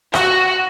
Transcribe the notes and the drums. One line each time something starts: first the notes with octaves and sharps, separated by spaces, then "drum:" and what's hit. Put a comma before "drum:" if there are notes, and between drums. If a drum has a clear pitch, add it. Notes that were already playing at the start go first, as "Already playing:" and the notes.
F#4, drum: rim click